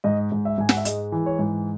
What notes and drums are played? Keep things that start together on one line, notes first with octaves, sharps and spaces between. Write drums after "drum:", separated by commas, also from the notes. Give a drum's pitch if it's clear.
G#2 D#5
G#2
E5
G#2 G#5
F#5, drum: snare
E5
G#3 D#5, drum: hi-hat
E3
C#5
G#2